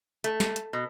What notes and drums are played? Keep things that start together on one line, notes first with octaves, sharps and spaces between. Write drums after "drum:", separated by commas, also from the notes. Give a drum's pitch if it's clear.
A3, drum: hi-hat
drum: snare
drum: hi-hat
B2